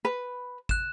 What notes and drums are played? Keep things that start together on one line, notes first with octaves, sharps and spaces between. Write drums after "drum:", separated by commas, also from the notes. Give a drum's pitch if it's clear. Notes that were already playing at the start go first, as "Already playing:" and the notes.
B4
F#6 E7, drum: kick